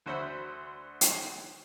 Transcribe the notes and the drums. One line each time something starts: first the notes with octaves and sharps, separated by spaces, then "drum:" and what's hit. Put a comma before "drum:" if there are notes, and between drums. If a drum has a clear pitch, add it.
D2 F#4 C5 E5 F#5 B5
drum: hi-hat